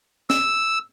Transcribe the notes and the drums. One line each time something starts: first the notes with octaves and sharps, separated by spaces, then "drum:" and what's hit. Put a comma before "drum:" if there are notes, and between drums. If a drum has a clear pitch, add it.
E6, drum: snare